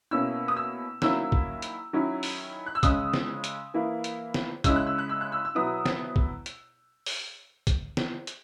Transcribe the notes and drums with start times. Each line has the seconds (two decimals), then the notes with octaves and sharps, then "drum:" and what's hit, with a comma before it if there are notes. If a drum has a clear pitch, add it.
0.11 B2 A#3 C#4 E4 E6
0.48 D#6
0.57 E6
1.02 D#3 F#3 A#3 C#4 E4 E6, drum: snare
1.32 drum: kick
1.62 drum: hi-hat
1.93 D#3 F#3 C#4 E4
2.23 drum: open hi-hat
2.66 F#6
2.75 E6
2.83 C#3 G#3 C#4 D#6, drum: kick, hi-hat
3.14 drum: snare
3.44 drum: hi-hat
3.74 E3 A#3 E4
4.04 drum: hi-hat
4.34 drum: snare
4.64 C#3 G#3 C#4 E4 E6, drum: kick, hi-hat
4.76 F#6
4.87 E6
4.98 F#6
5.09 E6
5.21 F#6
5.32 E6
5.45 E6
5.55 B2 F#3 B3 E4 D#6
5.86 drum: snare
6.16 drum: kick
6.46 drum: hi-hat
7.06 drum: open hi-hat
7.67 drum: kick, hi-hat
7.97 drum: snare
8.27 drum: hi-hat